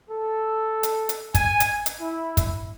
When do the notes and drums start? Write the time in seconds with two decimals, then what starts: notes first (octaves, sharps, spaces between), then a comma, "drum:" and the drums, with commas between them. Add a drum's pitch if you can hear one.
0.10 A4
0.83 drum: hi-hat
1.09 drum: hi-hat
1.35 G#5, drum: kick, hi-hat
1.60 drum: hi-hat
1.86 drum: hi-hat
2.01 E4
2.37 drum: kick, hi-hat